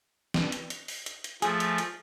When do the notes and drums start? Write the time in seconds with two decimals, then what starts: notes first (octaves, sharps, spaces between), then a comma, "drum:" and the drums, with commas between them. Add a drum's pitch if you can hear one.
0.34 drum: snare
0.52 drum: hi-hat
0.70 drum: hi-hat
0.88 drum: open hi-hat
1.06 drum: hi-hat
1.24 drum: hi-hat
1.42 F3 A3 G#4, drum: hi-hat
1.60 drum: hi-hat
1.78 drum: hi-hat